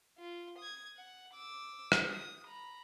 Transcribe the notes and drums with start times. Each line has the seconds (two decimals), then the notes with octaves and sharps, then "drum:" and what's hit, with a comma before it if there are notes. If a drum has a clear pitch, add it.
0.18 F4
0.58 D#6 G#6
0.97 F#5
1.33 D6 E6
1.92 drum: rim click
2.07 D#6
2.47 A#5 B5